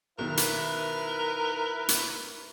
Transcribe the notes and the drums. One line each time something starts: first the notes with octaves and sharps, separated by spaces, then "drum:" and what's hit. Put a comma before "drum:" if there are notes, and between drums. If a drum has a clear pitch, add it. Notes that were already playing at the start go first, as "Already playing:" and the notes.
B1 D#3 E4 A#4 B4
drum: hi-hat
drum: hi-hat